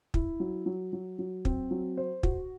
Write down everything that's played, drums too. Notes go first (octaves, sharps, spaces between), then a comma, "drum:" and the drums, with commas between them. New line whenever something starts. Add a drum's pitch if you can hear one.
E4, drum: kick
F#3
F#3
F#3
F#3
C4, drum: kick
F#3
C5
F#4, drum: kick